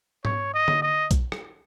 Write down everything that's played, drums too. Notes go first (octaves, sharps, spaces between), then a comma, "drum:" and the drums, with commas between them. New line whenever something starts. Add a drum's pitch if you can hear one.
C#5, drum: tom G#2
D#5
drum: tom D3
D#5
drum: kick B1, hi-hat
drum: rim click